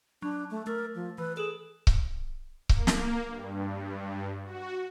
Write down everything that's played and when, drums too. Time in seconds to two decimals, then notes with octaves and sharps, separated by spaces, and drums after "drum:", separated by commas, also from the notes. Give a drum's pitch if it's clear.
0.22 F#3 D4
0.51 A3
0.67 A3 A#4
0.95 F3
1.18 E3 B4
1.37 G#4 A4 E7 F#7
1.87 drum: kick C#1
2.69 A#3, drum: kick C#1
2.87 drum: snare
3.24 G2
4.42 F#4